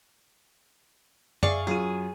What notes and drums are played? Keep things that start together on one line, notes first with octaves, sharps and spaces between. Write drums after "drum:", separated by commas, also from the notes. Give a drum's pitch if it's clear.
G#4 D5 E5 F5 C#6, drum: tom F#2
F#2 F4 G#4 D#7